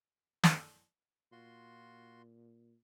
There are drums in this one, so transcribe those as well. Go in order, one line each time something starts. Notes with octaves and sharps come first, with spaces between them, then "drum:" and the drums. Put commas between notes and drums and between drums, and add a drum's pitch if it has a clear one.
drum: snare
A#2 F4 F#4 C6